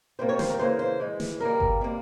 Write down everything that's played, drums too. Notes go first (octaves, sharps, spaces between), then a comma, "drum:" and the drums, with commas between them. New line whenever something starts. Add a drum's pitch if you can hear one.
C3 G3 A#3 C5
C#5
C5, drum: snare
A#4
C#3 E3 A#3 C5
C5
E3 G#3
drum: snare
C#3 G3 A#3 A#4
drum: kick G1
C3 G3 A#3